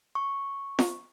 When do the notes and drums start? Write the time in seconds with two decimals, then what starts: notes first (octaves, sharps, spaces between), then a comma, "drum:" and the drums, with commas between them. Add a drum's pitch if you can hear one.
0.15 C#6
0.79 drum: snare